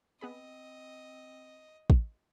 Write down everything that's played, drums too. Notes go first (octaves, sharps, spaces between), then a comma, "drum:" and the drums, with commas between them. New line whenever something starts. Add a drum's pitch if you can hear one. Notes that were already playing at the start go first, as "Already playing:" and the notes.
B3 C4 G#4 D#5 B5
drum: kick